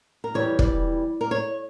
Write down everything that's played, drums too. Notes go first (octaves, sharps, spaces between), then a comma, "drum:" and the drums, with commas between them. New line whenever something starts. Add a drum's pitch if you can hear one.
A#4
F2 E3 G3 C#5
D5, drum: kick
A#4
C#5